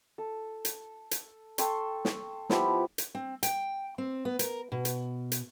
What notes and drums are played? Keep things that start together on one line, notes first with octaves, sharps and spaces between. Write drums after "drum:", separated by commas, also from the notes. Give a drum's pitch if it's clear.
A4
drum: hi-hat
drum: hi-hat
A4 G5 C6 C#6, drum: hi-hat
drum: snare
F3 B3 E4 G4, drum: snare
drum: hi-hat
C4
G5, drum: hi-hat
C4
B3
A#4, drum: hi-hat
B2
drum: hi-hat
drum: hi-hat